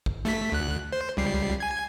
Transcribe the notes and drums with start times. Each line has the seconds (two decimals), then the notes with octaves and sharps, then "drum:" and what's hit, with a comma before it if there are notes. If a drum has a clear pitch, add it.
0.06 drum: kick G#1
0.25 A3 B6, drum: snare
0.52 D2 F#6
0.92 C5
1.17 C#2 G3 C7
1.60 G#5 G#6